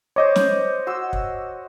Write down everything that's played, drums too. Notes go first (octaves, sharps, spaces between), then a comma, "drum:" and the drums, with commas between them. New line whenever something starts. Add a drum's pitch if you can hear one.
C5 C#5 D#5 D6
drum: snare
F#4 C6 E6
drum: kick